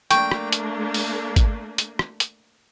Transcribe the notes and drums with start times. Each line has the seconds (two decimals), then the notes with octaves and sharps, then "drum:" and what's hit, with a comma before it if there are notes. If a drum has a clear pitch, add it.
0.11 A3 A#3 D4 G5 C#6, drum: hi-hat
0.32 drum: rim click
0.52 drum: hi-hat
0.94 drum: open hi-hat
1.36 drum: kick G#1, hi-hat
1.78 drum: hi-hat
1.99 drum: rim click
2.20 drum: hi-hat